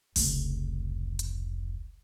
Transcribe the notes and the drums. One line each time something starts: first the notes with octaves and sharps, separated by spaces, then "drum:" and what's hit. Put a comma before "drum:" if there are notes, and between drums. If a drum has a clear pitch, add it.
F1 C#2, drum: open hi-hat
drum: hi-hat